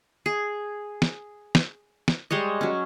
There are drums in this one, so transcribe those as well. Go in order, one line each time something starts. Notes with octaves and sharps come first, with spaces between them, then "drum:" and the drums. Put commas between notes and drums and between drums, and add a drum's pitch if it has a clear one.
G#4
drum: snare
drum: snare
drum: snare
G3 G#3 C#5 D#5
F#3 C#4